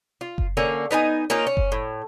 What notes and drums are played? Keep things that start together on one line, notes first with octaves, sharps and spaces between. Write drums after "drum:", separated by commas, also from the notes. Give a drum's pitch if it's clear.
F4
drum: kick F#1
D3 A#3 C#4
B3 D#4 F5 G#5
A#3 C#4 D#4 F4
C#4
drum: kick F#1
A2